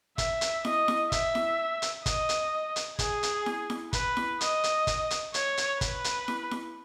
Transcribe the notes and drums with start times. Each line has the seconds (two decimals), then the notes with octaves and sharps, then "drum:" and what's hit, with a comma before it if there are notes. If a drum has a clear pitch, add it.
0.18 E5, drum: kick, hi-hat
0.41 drum: hi-hat
0.65 D#5, drum: snare E4
0.88 drum: snare E4
1.12 E5, drum: kick, hi-hat
1.35 drum: snare E4
1.82 drum: hi-hat
2.06 D#5, drum: kick, hi-hat
2.29 drum: hi-hat
2.76 drum: hi-hat
2.99 G#4, drum: kick, hi-hat
3.23 drum: hi-hat
3.46 drum: snare E4
3.70 drum: snare E4
3.93 B4, drum: kick, hi-hat
4.17 drum: snare E4
4.41 D#5, drum: hi-hat
4.64 drum: hi-hat
4.87 drum: kick, hi-hat
5.10 drum: hi-hat
5.34 C#5, drum: hi-hat
5.57 drum: hi-hat
5.81 B4, drum: kick, hi-hat
6.04 drum: hi-hat
6.28 drum: snare E4
6.51 drum: snare E4